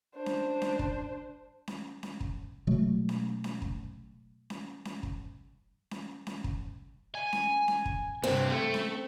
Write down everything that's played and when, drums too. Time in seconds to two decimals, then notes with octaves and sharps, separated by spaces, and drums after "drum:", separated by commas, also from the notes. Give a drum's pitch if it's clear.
0.15 D4 C5
0.26 drum: snare C#4
0.62 drum: snare C#4
0.79 drum: kick
1.68 drum: snare C#4
2.03 drum: snare C#4
2.20 drum: kick
2.67 B2 F#3 G#3 A3
3.09 drum: snare C#4
3.44 drum: snare C#4
3.62 drum: kick
4.50 drum: snare C#4
4.85 drum: snare C#4
5.03 drum: kick
5.91 drum: snare C#4
6.27 drum: snare C#4
6.44 drum: kick
7.15 G#5
7.33 drum: snare C#4
7.68 drum: snare C#4
7.86 drum: kick
8.24 G2 C3 C4
8.50 A3
8.74 drum: snare C#4